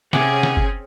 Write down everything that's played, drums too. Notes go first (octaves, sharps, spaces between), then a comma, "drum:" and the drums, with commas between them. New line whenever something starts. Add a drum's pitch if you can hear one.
C3 C4 C#4 G#4 F#5 G#5 D6, drum: snare
drum: snare
drum: kick F#1